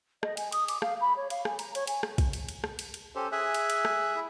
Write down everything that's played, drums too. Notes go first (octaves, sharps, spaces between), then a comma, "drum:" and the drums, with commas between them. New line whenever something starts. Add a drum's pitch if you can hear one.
D#5, drum: rim click
G#5, drum: cymbal
D#6, drum: cymbal
D6, drum: cymbal
F5, drum: rim click
B5
C#5
F5, drum: cymbal
G#5, drum: rim click
A#5, drum: cymbal
C#5, drum: cymbal
G#5, drum: cymbal
drum: rim click
drum: kick, cymbal
drum: cymbal
drum: cymbal
drum: rim click
drum: cymbal
drum: cymbal
C#4 G4 A4 C5
G#4 E5 G#5 F#6
drum: cymbal
drum: cymbal
drum: rim click
E4